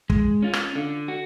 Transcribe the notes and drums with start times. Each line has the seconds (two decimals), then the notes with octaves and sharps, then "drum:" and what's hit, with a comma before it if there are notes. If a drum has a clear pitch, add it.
0.10 G#3, drum: kick
0.42 C#4 F4
0.53 drum: rim click
0.75 D3
1.08 F#4